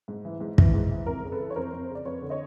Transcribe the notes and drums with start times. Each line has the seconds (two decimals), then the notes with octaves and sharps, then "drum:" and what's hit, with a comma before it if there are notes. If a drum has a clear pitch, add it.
0.08 G#2
0.25 E3
0.40 G#2
0.58 E3, drum: kick
0.74 G#2
0.91 E3
1.06 F2 A#4
1.24 C#3
1.32 A4 B4
1.39 E3
1.50 C#5
1.56 F2 A#4 C5
1.73 F2
1.90 C#3 D5
2.05 F2 B4 C#5
2.22 D3
2.30 C#5 D#5